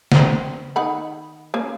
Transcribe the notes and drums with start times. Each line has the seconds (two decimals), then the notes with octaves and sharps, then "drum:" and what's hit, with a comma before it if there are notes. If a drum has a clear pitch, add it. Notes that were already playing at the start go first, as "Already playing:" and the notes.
0.12 B3 C4, drum: snare
0.76 D#3 F#5 B5
1.54 A#3 C#4